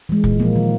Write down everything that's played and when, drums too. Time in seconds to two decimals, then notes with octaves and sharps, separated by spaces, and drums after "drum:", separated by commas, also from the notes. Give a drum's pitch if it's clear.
0.09 E3 G#3
0.24 A#2, drum: kick
0.40 F3 A#3
0.56 D#3